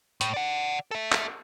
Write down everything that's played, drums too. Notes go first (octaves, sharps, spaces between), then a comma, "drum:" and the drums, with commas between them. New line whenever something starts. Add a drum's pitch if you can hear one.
A2, drum: hi-hat
D5 F#5
A4 E5
drum: clap